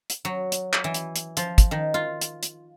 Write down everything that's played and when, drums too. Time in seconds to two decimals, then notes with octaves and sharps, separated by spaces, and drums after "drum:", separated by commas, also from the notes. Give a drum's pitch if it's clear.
0.10 drum: hi-hat
0.25 F#3
0.52 drum: hi-hat
0.73 drum: clap
0.84 E3
0.94 drum: hi-hat
1.16 drum: hi-hat
1.37 F3, drum: hi-hat
1.58 drum: kick, hi-hat
1.71 D#3
1.94 F4
2.21 drum: hi-hat
2.43 drum: hi-hat